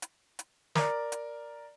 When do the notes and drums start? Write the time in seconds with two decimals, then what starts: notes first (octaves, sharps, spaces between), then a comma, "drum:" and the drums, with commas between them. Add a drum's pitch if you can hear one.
0.02 drum: hi-hat
0.39 drum: hi-hat
0.75 A#4 D5, drum: snare
1.12 drum: hi-hat